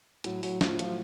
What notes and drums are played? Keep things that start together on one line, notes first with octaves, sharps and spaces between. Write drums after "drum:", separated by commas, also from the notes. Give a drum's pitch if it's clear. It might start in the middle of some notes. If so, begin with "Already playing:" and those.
A2 F#3, drum: hi-hat
F#3, drum: open hi-hat
F3 F#3 A3 F4, drum: snare
F3, drum: hi-hat